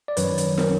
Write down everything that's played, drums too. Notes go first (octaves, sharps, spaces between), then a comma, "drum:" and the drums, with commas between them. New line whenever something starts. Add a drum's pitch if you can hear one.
D5
F#2 D#3 F#3 B4 C#5, drum: hi-hat
drum: hi-hat
D#3 F#3 A#4 C5, drum: snare